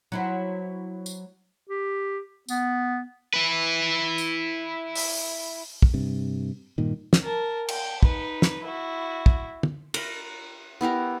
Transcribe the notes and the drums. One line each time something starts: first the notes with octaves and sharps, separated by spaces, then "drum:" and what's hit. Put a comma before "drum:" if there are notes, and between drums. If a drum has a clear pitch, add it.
F#3 E4 C5
drum: tambourine
G4
B3, drum: tambourine
E4 B4
drum: tambourine
drum: open hi-hat
drum: kick
G2 C3
G2 A#2 D#3
drum: snare
A#4 A5
G5, drum: cymbal
D#4 B4, drum: kick
drum: snare
E4 F#4
drum: kick
drum: tom
A#4 B5, drum: cymbal
B3 E4 G4 A#4